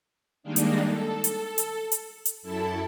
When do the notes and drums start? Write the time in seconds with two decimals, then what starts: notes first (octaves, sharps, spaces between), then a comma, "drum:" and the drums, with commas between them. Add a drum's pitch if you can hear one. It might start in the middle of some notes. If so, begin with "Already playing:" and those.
0.43 D#3 G3 G#3 A#3 D4 D#4
0.56 drum: hi-hat
0.85 A4
1.24 drum: hi-hat
1.58 drum: hi-hat
1.92 drum: hi-hat
2.25 drum: hi-hat
2.42 F#2 E4 A4 A5